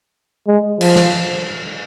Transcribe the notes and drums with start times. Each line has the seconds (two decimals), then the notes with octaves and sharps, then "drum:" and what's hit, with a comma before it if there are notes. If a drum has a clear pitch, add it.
0.48 G#3
0.81 F3, drum: cymbal
0.96 drum: snare